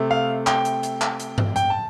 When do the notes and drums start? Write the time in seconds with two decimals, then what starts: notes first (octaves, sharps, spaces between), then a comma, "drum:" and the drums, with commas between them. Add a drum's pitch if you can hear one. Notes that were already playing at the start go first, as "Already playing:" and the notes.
Already playing: C3 A3
0.11 F5
0.47 G5, drum: clap
0.65 drum: hi-hat
0.83 drum: hi-hat
1.01 drum: clap
1.20 drum: hi-hat
1.38 drum: tom G2
1.56 G5, drum: hi-hat
1.70 A5